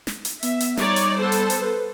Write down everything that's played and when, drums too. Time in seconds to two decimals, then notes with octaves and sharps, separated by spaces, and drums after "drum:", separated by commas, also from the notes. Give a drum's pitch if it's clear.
0.07 drum: snare
0.25 drum: hi-hat
0.43 B3 E5, drum: hi-hat
0.60 drum: hi-hat
0.77 G3 D#4 C#5 D5, drum: snare
0.96 drum: hi-hat
1.18 B3 A4 C5
1.32 drum: hi-hat
1.50 drum: hi-hat
1.61 B4